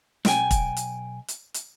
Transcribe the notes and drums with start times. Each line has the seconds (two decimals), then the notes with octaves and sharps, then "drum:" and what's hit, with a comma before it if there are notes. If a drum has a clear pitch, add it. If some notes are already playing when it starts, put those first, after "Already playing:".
0.25 B1 G5 G#5, drum: snare
0.51 drum: kick, hi-hat
0.77 drum: hi-hat
1.28 drum: hi-hat
1.54 drum: hi-hat